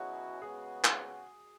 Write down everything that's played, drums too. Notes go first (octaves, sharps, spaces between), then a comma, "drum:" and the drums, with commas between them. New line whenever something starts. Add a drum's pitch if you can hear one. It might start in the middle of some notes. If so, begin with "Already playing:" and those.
Already playing: B2 F#3 C#4 E4 F#4 G#4
C#3 G#3 B3 F#4 G#4
drum: clap